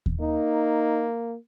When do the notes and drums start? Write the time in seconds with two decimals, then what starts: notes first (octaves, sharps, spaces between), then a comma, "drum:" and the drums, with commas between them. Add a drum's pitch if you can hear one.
0.06 drum: kick D#2
0.21 A#3 D#4